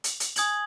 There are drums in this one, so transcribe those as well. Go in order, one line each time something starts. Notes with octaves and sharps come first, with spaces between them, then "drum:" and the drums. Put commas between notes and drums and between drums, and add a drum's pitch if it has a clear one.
drum: hi-hat
drum: hi-hat
G#5 D#6 G#6 F#7, drum: hi-hat